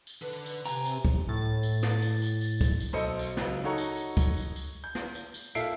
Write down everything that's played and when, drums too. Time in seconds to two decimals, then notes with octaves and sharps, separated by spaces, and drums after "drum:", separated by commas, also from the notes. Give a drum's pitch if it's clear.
0.07 drum: tambourine
0.22 D3 B4
0.46 drum: tambourine
0.66 C3 G5 G#5 A#5, drum: tambourine
0.85 drum: tambourine
1.05 drum: kick C#2
1.28 A2 A6
1.63 drum: tambourine
1.83 drum: snare
2.02 drum: tambourine
2.22 drum: tambourine
2.41 drum: tambourine
2.61 drum: kick C#2, tambourine
2.80 drum: tambourine
2.93 B1 A4 C5 D#5 C#7
3.19 drum: tambourine
3.37 C#2 F#3, drum: snare
3.64 D#4 F#4 A4 C#5 A#5 C#6
3.78 drum: tambourine
3.97 drum: tambourine
4.17 drum: kick C#2, tambourine
4.36 drum: tambourine
4.56 drum: tambourine
4.84 G6
4.95 drum: snare
5.15 drum: tambourine
5.34 drum: tambourine
5.55 A#2 A4 E5 F5 C7 D7, drum: tambourine